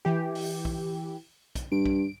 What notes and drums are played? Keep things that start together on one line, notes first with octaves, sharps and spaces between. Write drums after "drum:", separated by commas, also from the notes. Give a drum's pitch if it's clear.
E3 G4
drum: open hi-hat
drum: kick
drum: kick, hi-hat
G2 D7
drum: kick